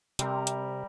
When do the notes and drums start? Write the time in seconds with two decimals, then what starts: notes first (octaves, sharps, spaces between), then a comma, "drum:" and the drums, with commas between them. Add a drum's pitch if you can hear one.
0.19 C3 G3 A#4, drum: hi-hat
0.47 drum: hi-hat